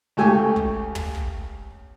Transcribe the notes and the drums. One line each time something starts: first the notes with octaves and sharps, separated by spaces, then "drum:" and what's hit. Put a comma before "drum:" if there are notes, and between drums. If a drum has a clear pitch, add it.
C#2 A3 G4 G#5 C#6
drum: kick
drum: tom
drum: kick